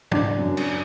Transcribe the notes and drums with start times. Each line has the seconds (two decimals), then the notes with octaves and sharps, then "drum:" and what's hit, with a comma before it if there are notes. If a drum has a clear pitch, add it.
0.11 F#1 D4 D5, drum: tom
0.39 F#2
0.57 drum: cymbal